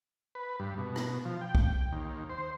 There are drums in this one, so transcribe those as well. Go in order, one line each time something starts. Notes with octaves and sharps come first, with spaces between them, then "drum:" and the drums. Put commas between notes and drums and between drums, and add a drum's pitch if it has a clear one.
B4
G2
B2
drum: rim click
F3
G5
drum: kick B1
D#2
C5